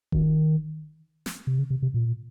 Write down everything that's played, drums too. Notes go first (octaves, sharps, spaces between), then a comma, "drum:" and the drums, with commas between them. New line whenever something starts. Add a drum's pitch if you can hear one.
D#3, drum: kick F1
drum: snare
C3
C#3
C3
C3
A#2